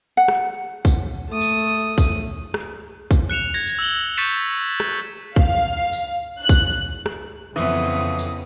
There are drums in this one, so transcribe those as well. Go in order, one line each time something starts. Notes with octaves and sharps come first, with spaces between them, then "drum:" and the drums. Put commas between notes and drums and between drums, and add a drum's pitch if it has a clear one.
F#5
drum: rim click
drum: kick A#1, tambourine
A3 D#6
drum: tambourine
drum: kick A#1, tambourine
drum: rim click
drum: kick A#1, tambourine
F#6 C#7 E7 F7
G#6 A#6
drum: tambourine
E6 A#6 F#7 G7
C#6 G6 A6 B6 C#7 E7
drum: rim click
F5, drum: kick A#1
drum: tambourine
F#6
drum: kick A#1, tambourine
drum: rim click
F2 C#3 E3 B3 C4 D#6
drum: tambourine